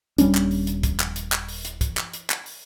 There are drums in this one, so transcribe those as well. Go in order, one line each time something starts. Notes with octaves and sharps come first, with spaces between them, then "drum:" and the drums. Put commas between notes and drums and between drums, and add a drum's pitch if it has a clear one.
D#1 G3 C#4 D4, drum: hi-hat
drum: clap
drum: open hi-hat
drum: hi-hat
drum: kick, hi-hat
drum: clap
drum: hi-hat
drum: clap
drum: open hi-hat
drum: hi-hat
drum: kick, hi-hat
drum: clap
drum: hi-hat
drum: clap
drum: open hi-hat